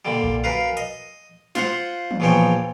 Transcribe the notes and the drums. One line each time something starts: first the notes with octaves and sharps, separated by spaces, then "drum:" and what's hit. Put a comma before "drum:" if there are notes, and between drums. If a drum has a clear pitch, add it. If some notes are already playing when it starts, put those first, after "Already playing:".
A#2 D3 G3
drum: kick B1
F#2 A#4 B4 F5
D#5, drum: hi-hat
F4 C5 F5 F#5, drum: snare
drum: tom
A#1 E2 E3 F3 C#5 G5